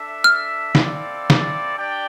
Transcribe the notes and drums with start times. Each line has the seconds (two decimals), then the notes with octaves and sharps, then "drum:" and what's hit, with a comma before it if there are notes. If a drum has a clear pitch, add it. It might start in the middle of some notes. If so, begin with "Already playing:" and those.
Already playing: D4 A4 E5
0.24 F6
0.75 C4 E4 A4 D5 F5, drum: snare
1.30 drum: snare
1.77 D4 G4 D5 G5